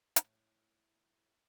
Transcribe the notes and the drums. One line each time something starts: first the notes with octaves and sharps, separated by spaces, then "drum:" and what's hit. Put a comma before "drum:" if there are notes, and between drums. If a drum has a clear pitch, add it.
A2, drum: hi-hat